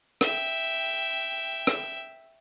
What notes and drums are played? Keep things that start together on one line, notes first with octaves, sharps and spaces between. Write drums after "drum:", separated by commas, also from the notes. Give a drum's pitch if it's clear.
E5 G5, drum: rim click
drum: rim click